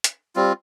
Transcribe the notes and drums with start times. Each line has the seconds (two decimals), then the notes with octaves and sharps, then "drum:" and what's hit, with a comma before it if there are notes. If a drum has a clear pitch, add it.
0.04 drum: hi-hat
0.36 G3 C4 F4